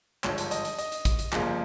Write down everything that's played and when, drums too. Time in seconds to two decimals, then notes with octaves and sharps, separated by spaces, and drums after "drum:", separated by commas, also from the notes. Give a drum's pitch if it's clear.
0.24 G#1 G2 D3 F3 G#3 C#5, drum: clap
0.38 drum: hi-hat
0.51 D#5, drum: hi-hat
0.65 drum: hi-hat
0.78 D#5, drum: hi-hat
0.92 drum: hi-hat
1.05 drum: kick, hi-hat
1.19 drum: hi-hat
1.33 G1 F2 C#3 F3 A#3, drum: clap